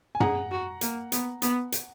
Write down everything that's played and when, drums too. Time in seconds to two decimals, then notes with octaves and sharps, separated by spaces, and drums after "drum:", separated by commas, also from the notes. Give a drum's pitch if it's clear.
0.15 G#5
0.20 G#4 F#5 A#5, drum: tom
0.51 F#4
0.81 A#3, drum: hi-hat
1.12 B3, drum: hi-hat
1.42 B3, drum: hi-hat
1.72 drum: hi-hat